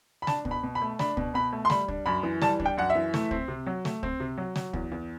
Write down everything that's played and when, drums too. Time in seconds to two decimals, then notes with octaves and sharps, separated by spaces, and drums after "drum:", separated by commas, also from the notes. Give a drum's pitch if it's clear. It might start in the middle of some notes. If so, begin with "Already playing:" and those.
0.22 B5
0.27 D4 A5, drum: snare
0.45 B2, drum: kick
0.51 B5
0.63 B2
0.75 B5
0.82 A3
0.99 D4 B5, drum: snare
1.17 B2, drum: kick
1.34 B2 B5
1.53 A3
1.65 C6
1.70 G3 B5, drum: snare
1.88 D4, drum: kick
2.06 F#2 B5
2.23 E3
2.41 G3 A5, drum: snare
2.60 D4, drum: kick
2.66 G5
2.78 F#2 F#5
2.90 E5
2.95 E3
3.14 A3, drum: snare
3.31 C4, drum: kick
3.48 C3
3.67 F#3
3.85 A3, drum: snare
4.03 C4, drum: kick
4.20 C3
4.38 F#3
4.56 F#3, drum: snare
4.73 E2, drum: kick
4.92 E2